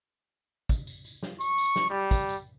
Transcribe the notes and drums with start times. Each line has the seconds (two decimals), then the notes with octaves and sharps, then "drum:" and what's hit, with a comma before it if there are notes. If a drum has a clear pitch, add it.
0.69 drum: kick, tambourine
0.87 drum: tambourine
1.05 drum: tambourine
1.23 drum: snare
1.40 C#6, drum: tambourine
1.58 drum: tambourine
1.76 drum: snare
1.90 G3
2.11 drum: kick, tambourine
2.29 drum: tambourine